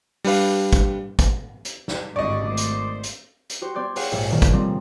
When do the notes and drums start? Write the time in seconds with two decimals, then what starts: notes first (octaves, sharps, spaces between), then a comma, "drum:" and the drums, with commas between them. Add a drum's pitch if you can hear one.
0.24 G3 D4 B4 F5, drum: open hi-hat
0.73 drum: kick, hi-hat
1.19 drum: kick, hi-hat
1.65 drum: hi-hat
1.88 drum: snare
2.16 G#1 G2 D3 D5 D#5 C#6
2.46 D#3 A3 C5 D6
2.57 drum: hi-hat
3.03 drum: hi-hat
3.50 drum: hi-hat
3.61 F#4 G4 C5
3.74 B3 D5 C6 G6 G#6
3.96 G4 G#4 B4 C#5 F5 F#5, drum: open hi-hat
4.12 A#1 G#2 E5 F#5
4.29 G2 B2 D#3 A#3
4.42 drum: kick, hi-hat
4.53 C3 F3 G3 C4